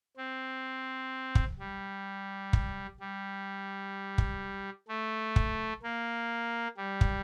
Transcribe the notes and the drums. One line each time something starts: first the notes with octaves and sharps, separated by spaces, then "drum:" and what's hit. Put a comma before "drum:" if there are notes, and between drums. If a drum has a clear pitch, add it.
C4
drum: kick
G3
drum: kick
G3
drum: kick
A3
drum: kick
A#3
G3
drum: kick